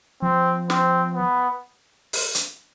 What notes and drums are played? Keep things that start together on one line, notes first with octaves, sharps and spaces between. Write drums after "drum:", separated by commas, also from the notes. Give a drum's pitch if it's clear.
F3 C4
C4, drum: snare
B3
drum: open hi-hat
drum: hi-hat